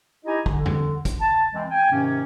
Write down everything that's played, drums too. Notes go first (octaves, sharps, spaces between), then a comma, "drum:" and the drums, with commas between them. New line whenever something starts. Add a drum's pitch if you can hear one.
D#4 E4 G4 D#5 G#5 A#5
D3, drum: kick
drum: tom F2
drum: kick, hi-hat
A5
E3 G#3 C4
G5 G#5
G#2 C3 D#3 A#3 C#4